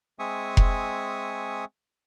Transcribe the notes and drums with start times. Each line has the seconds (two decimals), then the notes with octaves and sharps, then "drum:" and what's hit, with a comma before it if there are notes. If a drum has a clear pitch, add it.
0.19 G#3 C4 E5 G#5 C#6 D#6
0.57 drum: kick F1